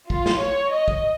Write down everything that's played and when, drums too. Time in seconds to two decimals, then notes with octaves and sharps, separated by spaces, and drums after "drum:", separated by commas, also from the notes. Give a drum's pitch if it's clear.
0.10 F4, drum: kick
0.26 drum: snare
0.41 C#5
0.72 D#5
0.88 drum: kick